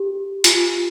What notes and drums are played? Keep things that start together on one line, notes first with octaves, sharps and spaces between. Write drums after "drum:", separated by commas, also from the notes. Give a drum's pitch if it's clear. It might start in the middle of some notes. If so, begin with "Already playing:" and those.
Already playing: G4
F4, drum: hi-hat